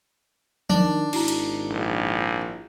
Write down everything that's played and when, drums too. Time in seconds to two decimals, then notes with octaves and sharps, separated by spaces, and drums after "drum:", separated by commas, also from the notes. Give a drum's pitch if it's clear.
0.70 D#3 D4, drum: tom F3
1.13 G#1 E4 F#4 A#5, drum: cymbal
1.28 drum: hi-hat
1.70 A#1